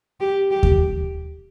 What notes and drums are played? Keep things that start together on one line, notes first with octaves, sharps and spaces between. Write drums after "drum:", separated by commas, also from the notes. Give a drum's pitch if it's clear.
G4
G4
drum: kick D#2